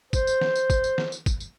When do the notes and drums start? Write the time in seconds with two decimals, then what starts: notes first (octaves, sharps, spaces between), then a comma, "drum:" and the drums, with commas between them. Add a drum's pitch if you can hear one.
0.13 C5, drum: kick, tambourine
0.27 drum: tambourine
0.41 drum: snare
0.56 drum: tambourine
0.70 drum: kick, tambourine
0.84 drum: tambourine
0.98 drum: snare
1.12 drum: tambourine
1.26 drum: kick, tambourine
1.40 drum: tambourine